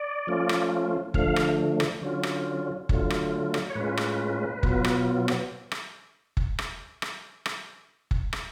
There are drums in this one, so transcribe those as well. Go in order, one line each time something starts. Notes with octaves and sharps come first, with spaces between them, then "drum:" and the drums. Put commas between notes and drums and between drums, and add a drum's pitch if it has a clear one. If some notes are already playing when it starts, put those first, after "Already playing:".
Already playing: D5
F3 A3 C#4 F4
drum: rim click
D3 F3 A3 F5, drum: kick F#1
drum: rim click
drum: rim click
D3 F#3 C#4 F4
drum: rim click
D3 F#3 A3 F4, drum: kick F#1
drum: rim click
drum: rim click
C#5
A2 G#3 C#4 F4 B4
drum: rim click
B2 F#3 B3 F4, drum: kick F#1
drum: rim click
drum: rim click
drum: rim click
drum: kick F#1
drum: rim click
drum: rim click
drum: rim click
drum: kick F#1
drum: rim click